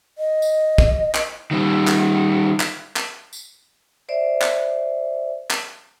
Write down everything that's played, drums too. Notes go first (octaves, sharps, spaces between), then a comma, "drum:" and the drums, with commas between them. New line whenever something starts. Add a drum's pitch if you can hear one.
D#5
drum: tambourine
drum: kick
drum: clap
D#3 G3
drum: clap
drum: clap
drum: clap
drum: tambourine
C5 D5 E5
drum: clap
drum: clap